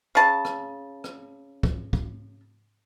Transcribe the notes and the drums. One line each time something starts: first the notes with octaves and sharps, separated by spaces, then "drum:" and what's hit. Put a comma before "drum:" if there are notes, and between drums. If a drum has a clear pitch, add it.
C#3 A5
drum: rim click
drum: rim click
drum: kick
drum: kick